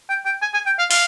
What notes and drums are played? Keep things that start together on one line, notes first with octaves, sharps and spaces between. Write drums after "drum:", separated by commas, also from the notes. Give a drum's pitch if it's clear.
G5
G5
G#5
G#5
G5
F5
F5, drum: open hi-hat